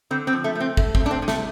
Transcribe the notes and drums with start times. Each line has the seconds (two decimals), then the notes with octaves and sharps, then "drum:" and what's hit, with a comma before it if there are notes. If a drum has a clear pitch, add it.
0.11 D3 C4
0.27 C4
0.33 F3
0.44 A3
0.55 A3
0.60 C4
0.77 A3, drum: kick
0.95 C4, drum: kick
1.00 A3
1.06 D4
1.11 C4
1.22 C3
1.28 A3, drum: snare